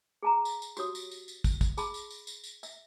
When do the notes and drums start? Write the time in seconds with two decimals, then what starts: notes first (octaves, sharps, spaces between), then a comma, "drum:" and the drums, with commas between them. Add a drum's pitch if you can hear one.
0.23 G#4 A5 A#5
0.45 drum: tambourine
0.62 drum: tambourine
0.77 F#4 G4 C#5 D#6, drum: tambourine
0.95 drum: tambourine
1.11 drum: tambourine
1.28 drum: tambourine
1.44 drum: kick, tambourine
1.61 drum: kick, tambourine
1.77 G#4 A5 B5 C6, drum: tambourine
1.94 drum: tambourine
2.11 drum: tambourine
2.27 drum: tambourine
2.44 drum: tambourine
2.63 E5, drum: tambourine